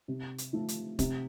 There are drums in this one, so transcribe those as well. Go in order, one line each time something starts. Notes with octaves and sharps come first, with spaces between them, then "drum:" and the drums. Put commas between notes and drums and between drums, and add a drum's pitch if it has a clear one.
C3
drum: hi-hat
F3 A3
drum: hi-hat
C3, drum: kick, hi-hat